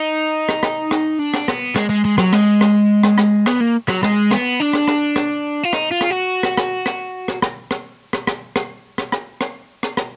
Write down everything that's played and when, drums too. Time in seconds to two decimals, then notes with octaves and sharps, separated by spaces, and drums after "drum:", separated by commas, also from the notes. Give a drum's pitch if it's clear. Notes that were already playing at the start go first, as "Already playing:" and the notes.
Already playing: D#4
0.49 drum: rim click
0.63 drum: rim click
0.91 drum: rim click
1.19 D4
1.34 drum: rim click
1.48 B3, drum: rim click
1.76 G#3, drum: rim click
1.90 G#3
2.05 G#3
2.18 F#3, drum: rim click
2.33 G#3, drum: rim click
2.61 drum: rim click
3.03 drum: rim click
3.18 drum: rim click
3.46 B3, drum: rim click
3.60 A#3
3.88 F#3, drum: rim click
4.03 G#3, drum: rim click
4.31 B3, drum: rim click
4.60 D4
4.73 drum: rim click
4.88 drum: rim click
5.16 drum: rim click
5.63 F4
5.73 D#4, drum: rim click
5.91 F4
6.01 drum: rim click
6.10 F#4
6.43 drum: rim click
6.57 drum: rim click
6.86 drum: rim click
7.28 drum: rim click
7.42 drum: rim click
7.71 drum: rim click
8.13 drum: rim click
8.27 drum: rim click
8.56 drum: rim click
8.98 drum: rim click
9.12 drum: rim click
9.41 drum: rim click
9.83 drum: rim click
9.97 drum: rim click